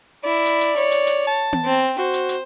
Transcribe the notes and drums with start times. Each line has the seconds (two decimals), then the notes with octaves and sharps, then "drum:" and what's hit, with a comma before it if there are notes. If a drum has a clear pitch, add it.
0.24 E4 D5
0.46 drum: hi-hat
0.61 drum: hi-hat
0.77 C#5
0.92 drum: hi-hat
1.07 drum: hi-hat
1.27 A5
1.53 drum: tom B3
1.65 C4
1.98 F#4 C5
2.14 drum: hi-hat
2.29 drum: hi-hat